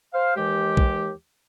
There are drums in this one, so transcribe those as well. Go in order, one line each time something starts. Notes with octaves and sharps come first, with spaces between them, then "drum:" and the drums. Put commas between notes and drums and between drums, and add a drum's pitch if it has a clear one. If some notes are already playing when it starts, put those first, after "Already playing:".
C5 F5
D#2 E3 G#3 G4
drum: kick B1